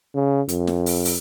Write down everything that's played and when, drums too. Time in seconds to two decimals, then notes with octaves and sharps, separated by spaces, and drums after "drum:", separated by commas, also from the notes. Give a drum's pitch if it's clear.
0.15 C#3
0.48 F2, drum: hi-hat
0.67 drum: snare
0.86 drum: open hi-hat
1.05 drum: open hi-hat